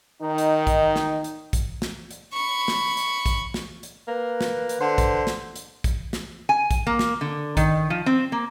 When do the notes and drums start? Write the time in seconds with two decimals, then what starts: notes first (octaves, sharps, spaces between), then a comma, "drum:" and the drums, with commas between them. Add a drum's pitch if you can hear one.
0.22 D#3 D#4
0.38 drum: hi-hat
0.67 drum: kick A#1, hi-hat
0.96 drum: snare
1.24 drum: hi-hat
1.53 drum: kick A#1, hi-hat
1.82 drum: snare
2.11 drum: hi-hat
2.34 B5 C#6
2.68 drum: snare
2.97 drum: hi-hat
3.26 drum: kick A#1, hi-hat
3.54 drum: snare
3.83 drum: hi-hat
4.08 A#3 B4
4.41 drum: snare
4.69 drum: hi-hat
4.80 D3 C5
4.98 drum: kick A#1, hi-hat
5.27 drum: snare
5.56 drum: hi-hat
5.84 drum: kick A#1, hi-hat
6.13 drum: snare
6.49 G#5
6.71 drum: kick A#1, hi-hat
6.87 A#3
6.99 drum: snare
7.21 D3
7.57 D#3, drum: kick A#1, hi-hat
7.90 F3
8.06 C4
8.32 A#3